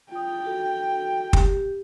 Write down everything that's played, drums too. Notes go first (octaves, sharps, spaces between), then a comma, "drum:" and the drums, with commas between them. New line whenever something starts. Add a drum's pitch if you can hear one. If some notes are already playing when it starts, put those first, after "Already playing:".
F4 G5 D#6
F#4 A4
G4, drum: kick